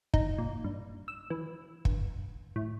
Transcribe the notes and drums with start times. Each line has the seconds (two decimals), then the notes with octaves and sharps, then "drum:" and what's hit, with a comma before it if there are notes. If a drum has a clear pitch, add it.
0.14 D#4, drum: kick
0.38 A#2
0.64 G2
1.08 E6
1.30 E3
1.85 G1, drum: kick
2.56 A2